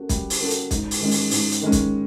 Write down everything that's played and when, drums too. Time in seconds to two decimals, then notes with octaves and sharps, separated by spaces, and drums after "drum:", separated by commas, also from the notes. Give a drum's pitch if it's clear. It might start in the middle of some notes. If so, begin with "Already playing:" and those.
Already playing: A#3 C#4 F#4 A4
0.09 G3, drum: kick, hi-hat
0.30 drum: open hi-hat
0.40 A#3 C#4 F#4 A4
0.50 drum: hi-hat
0.71 G#2, drum: kick, hi-hat
0.91 drum: open hi-hat
1.01 D#3 G#3 C#4
1.11 drum: open hi-hat
1.31 G#2, drum: open hi-hat
1.52 drum: hi-hat
1.61 D#3 G#3 C#4
1.72 drum: kick, hi-hat